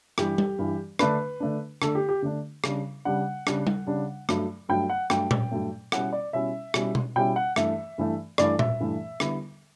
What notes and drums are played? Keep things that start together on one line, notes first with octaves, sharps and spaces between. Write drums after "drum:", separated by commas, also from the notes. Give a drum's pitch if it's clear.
G2 E3 G3 G4, drum: rim click
drum: tom G3
G2 E3 G3
D3 A3 D4 B4, drum: rim click
D3 A3 D4
D3 A3 D4 A4, drum: rim click
G4
G4
D3 A3 D4
C#3 G3 D4, drum: rim click
C#3 G3 D4 F#5
C#3 G3 D4, drum: rim click
drum: tom G3
C#3 G3 D4
G2 F#3 A3, drum: rim click
G2 F#3 A3 G5
F#5
G2 F#3 A3 G5, drum: rim click
drum: tom A#2
G2 F#3 A3
B2 G3 C#4 E4 F#5, drum: rim click
D5
B2 G3 C#4 E4 E5
B2 G3 C#4 E4, drum: rim click
drum: tom B2
B2 G3 C#4 E4 G5
F#5
G2 E3 A3 E5, drum: rim click
G2 E3 A3
G2 E3 A3 D5, drum: rim click
E5, drum: tom A#2
G2 E3 A3
D3 G3 B3 E4, drum: rim click